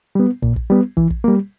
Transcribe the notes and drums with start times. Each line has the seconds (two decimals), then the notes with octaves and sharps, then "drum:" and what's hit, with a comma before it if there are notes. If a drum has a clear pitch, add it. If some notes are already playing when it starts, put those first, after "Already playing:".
0.15 G3 B3
0.42 A#2, drum: kick
0.56 drum: kick
0.70 G3 B3
0.97 E3, drum: kick
1.10 drum: kick
1.24 G3 A#3